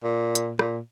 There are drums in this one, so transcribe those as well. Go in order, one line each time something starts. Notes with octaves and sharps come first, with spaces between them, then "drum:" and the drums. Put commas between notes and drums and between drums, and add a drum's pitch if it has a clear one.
A#2
drum: hi-hat
A#2, drum: rim click